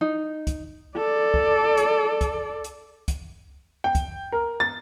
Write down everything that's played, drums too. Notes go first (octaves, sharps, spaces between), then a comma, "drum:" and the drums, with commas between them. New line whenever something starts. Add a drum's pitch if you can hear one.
D#4
drum: kick, hi-hat
A4 D5
drum: kick
drum: hi-hat
drum: kick, hi-hat
drum: hi-hat
drum: kick, hi-hat
G5
drum: kick, hi-hat
A#4
A6